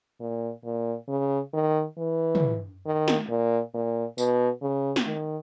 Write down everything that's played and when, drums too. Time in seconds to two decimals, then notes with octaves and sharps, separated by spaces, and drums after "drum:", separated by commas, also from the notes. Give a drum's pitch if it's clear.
0.21 A#2
0.65 A#2
1.09 C#3
1.53 D#3
1.97 E3
2.35 drum: tom
2.86 D#3
3.08 drum: snare
3.29 A#2
3.74 A#2
4.18 B2, drum: tambourine
4.62 C#3
4.96 drum: snare
5.06 D#3